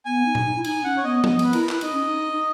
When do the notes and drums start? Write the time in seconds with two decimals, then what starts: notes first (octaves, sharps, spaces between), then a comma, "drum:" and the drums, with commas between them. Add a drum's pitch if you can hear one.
0.05 B3 G#5
0.25 D#4
0.35 drum: tom A#2
0.45 D#4
0.56 E4
0.64 D#4 G#5, drum: cymbal
0.84 C#4 F#5
0.97 C#5
1.04 B3 D#5
1.24 B3 D#5, drum: tom F3
1.39 B3 B4, drum: cymbal
1.53 E4 A#4, drum: cymbal
1.63 B4
1.69 E4, drum: clap
1.81 D#4 D#5, drum: cymbal
1.92 C#4
2.05 D#4
2.32 D#4